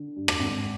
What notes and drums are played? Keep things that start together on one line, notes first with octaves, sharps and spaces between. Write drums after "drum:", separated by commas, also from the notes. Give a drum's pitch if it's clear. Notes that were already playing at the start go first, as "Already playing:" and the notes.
Already playing: D3
G2
D6, drum: rim click
G#1